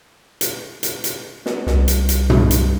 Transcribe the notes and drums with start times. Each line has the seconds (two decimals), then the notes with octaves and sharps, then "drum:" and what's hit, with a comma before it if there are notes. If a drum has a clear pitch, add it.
0.41 drum: hi-hat
0.83 drum: hi-hat
1.04 drum: hi-hat
1.46 drum: snare
1.67 C2, drum: snare
1.88 drum: hi-hat
2.09 drum: hi-hat
2.30 drum: tom
2.51 drum: hi-hat